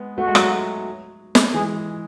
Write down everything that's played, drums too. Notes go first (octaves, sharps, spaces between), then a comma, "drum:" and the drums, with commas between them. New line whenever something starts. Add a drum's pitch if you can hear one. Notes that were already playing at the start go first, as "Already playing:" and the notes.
Already playing: G#3 B3
A3 F#4
G#3
F#3 A3, drum: rim click
drum: snare
E3 G#3 G#4